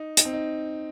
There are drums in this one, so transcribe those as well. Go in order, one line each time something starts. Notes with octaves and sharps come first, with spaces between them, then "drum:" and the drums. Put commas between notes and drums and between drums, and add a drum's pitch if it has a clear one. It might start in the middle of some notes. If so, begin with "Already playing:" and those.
Already playing: D#4
D#4, drum: hi-hat
C4
D#4